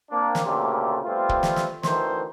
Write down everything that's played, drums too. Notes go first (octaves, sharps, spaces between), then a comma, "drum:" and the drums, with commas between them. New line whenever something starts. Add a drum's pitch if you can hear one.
A#3 C4 D4
drum: snare
D2 A#2 C#3 A3 F4 G4
G3 A3 B3 C4 F4
drum: kick
drum: snare
drum: snare
D2 D#3 E3 A3 C5, drum: snare